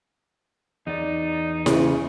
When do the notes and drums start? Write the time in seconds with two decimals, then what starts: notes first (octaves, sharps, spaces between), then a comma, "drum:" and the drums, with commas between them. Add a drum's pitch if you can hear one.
0.87 E2 D#4 D5
1.66 C#3, drum: snare E4